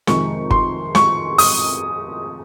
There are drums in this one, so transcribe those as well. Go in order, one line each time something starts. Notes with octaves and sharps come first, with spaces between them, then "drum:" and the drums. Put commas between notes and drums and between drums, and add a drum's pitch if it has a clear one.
F2 C3 D#3 G#3 C#6, drum: snare
C6, drum: kick G1
C#6, drum: snare
D#6, drum: open hi-hat